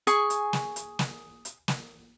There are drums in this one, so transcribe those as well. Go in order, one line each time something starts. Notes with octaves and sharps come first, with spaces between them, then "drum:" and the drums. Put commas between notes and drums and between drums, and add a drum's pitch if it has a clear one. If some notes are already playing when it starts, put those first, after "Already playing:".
G#4 G#5 C#6, drum: hi-hat
drum: hi-hat
drum: snare
drum: hi-hat
drum: snare
drum: hi-hat
drum: snare